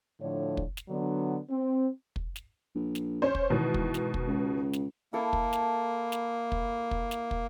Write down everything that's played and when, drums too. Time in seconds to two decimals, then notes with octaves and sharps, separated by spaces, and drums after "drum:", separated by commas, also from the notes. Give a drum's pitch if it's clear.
0.20 A2 D3 F3 D4 C#5
0.57 drum: kick
0.77 drum: snare
0.88 D3 F#3 B3 D4
1.49 C4
2.16 drum: kick
2.36 drum: snare
2.75 A#1
2.95 drum: snare
3.22 C#4 C5
3.35 drum: kick
3.50 G#2 B2 D#3 E3
3.74 drum: kick
3.94 drum: snare
4.14 drum: kick
4.27 C#2
4.73 drum: snare
5.13 A#3 E4 A4 D6
5.33 drum: kick
5.53 drum: snare
6.12 drum: snare
6.52 drum: kick
6.91 drum: kick
7.11 drum: snare
7.31 drum: kick